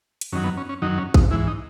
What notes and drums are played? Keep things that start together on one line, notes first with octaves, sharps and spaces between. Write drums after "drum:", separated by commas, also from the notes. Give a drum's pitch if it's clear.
drum: hi-hat
F#2 D#3 F#3 C#4
B3
C#4
C#4
F#2 D#3 F#3 D#4
C#4
D#4, drum: kick
G#2 E3 E4
D#4